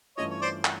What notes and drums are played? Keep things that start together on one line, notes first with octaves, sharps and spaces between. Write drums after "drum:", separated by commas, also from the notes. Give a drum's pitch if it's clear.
G2 E3 A3 C#4 F4 C#5 D#5
C#5
C5 D5
F#5, drum: clap